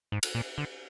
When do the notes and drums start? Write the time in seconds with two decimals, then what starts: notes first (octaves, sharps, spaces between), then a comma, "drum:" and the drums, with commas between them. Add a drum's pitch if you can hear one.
0.12 G#2
0.23 drum: cymbal
0.35 A#2
0.58 D3